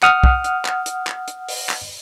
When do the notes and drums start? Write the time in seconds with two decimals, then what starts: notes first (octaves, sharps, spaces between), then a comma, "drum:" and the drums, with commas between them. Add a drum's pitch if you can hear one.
0.03 F#5 D#6 F6, drum: clap
0.24 drum: kick
0.44 drum: hi-hat
0.65 drum: clap
0.86 drum: hi-hat
1.07 drum: clap
1.28 drum: hi-hat
1.49 drum: open hi-hat
1.69 drum: clap